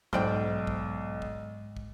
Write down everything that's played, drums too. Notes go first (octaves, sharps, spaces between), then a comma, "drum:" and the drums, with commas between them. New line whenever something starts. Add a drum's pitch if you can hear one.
B1 G#2 G#3 C5 D5 G5 F6, drum: kick
drum: kick
drum: kick
drum: kick